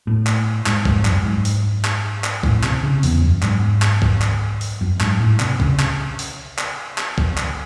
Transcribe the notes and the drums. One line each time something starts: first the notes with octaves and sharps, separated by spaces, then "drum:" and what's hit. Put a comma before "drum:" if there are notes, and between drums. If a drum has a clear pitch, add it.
A2
drum: clap
G#2, drum: clap
G#2, drum: kick
F#2, drum: clap
G#2
drum: open hi-hat
drum: clap
drum: clap
A2, drum: kick
C3, drum: clap
C#3
E2, drum: open hi-hat
F#2
G#2, drum: clap
drum: clap
drum: kick
drum: clap
drum: open hi-hat
F#2
G#2, drum: clap
A2
C3, drum: clap
C#3, drum: kick
drum: clap
drum: open hi-hat
drum: clap
drum: clap
drum: kick
drum: clap